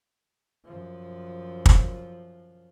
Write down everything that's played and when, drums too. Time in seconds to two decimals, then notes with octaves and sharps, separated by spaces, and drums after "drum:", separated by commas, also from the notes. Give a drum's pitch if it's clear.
0.65 F#2 F3
1.66 drum: kick